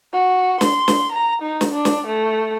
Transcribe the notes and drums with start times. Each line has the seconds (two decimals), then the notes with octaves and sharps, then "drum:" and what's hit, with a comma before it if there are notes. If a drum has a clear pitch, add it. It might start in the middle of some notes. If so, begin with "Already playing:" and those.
0.13 F#4
0.61 C6, drum: snare
0.88 drum: snare
1.12 A#5
1.42 D#4
1.61 drum: snare
1.72 D4
1.85 drum: snare
2.07 A3